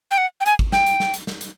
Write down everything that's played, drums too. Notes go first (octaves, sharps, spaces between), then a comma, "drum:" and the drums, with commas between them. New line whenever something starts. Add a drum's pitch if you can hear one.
G5
F#5
G5
G#5, drum: hi-hat
drum: kick G#1
G5, drum: snare
drum: hi-hat
drum: snare
drum: hi-hat
drum: snare
drum: hi-hat